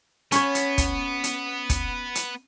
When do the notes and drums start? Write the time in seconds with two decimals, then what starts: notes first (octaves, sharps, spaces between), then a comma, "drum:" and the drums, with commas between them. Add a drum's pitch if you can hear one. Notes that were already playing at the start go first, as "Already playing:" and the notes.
0.32 B3 C#4 C#5, drum: hi-hat
0.55 drum: hi-hat
0.78 drum: kick, hi-hat
1.24 drum: hi-hat
1.69 drum: kick, hi-hat
2.15 drum: hi-hat